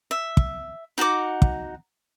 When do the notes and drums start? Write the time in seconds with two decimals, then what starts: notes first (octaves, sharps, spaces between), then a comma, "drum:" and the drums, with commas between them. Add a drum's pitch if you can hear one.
0.11 E5
0.37 drum: kick
0.98 D#4 F#4 F#5 D6
1.42 drum: kick